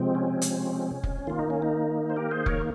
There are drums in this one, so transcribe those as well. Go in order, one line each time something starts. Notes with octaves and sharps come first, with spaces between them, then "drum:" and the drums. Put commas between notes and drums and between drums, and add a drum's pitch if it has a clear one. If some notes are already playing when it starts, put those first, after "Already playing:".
Already playing: C3 F3 G#3 C4
C#4
drum: hi-hat
drum: kick F1
D#3 A#3 F4
D#4
C#4
D#4
C5
G4 A#4
G#4 C5
A#4 C#5, drum: kick F1